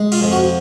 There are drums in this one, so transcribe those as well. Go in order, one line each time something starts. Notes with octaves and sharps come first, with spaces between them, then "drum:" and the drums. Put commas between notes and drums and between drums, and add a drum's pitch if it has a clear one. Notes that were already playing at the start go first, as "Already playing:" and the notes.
Already playing: G#3
F4, drum: cymbal
F2
F#4